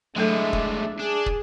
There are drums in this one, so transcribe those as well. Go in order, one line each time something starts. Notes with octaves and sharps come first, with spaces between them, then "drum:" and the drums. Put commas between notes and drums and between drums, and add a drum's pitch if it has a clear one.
A2 F#3 G#3 A3 D4 A4 E5
drum: kick
D4 G#4
drum: kick